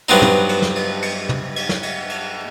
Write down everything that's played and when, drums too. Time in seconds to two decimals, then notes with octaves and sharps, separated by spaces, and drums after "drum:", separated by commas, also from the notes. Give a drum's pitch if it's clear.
0.09 G2 F#3 B3 C4 D#4
0.22 drum: tom
0.49 drum: cymbal
0.62 drum: snare
0.76 drum: cymbal
1.02 drum: cymbal
1.29 drum: tom
1.56 drum: cymbal
1.69 drum: snare
1.83 drum: cymbal
2.10 drum: cymbal